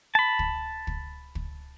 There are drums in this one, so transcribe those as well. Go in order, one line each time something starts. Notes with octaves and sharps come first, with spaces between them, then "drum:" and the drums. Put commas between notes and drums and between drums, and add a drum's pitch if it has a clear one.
A5 B5
drum: kick
drum: kick
drum: kick